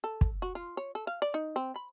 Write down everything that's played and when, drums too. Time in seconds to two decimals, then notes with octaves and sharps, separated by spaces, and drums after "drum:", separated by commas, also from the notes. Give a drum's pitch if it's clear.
0.04 A4
0.21 drum: kick
0.42 F#4
0.55 F4
0.77 C#5
0.95 A4
1.07 F5
1.22 D5
1.34 D#4
1.56 C4
1.76 B5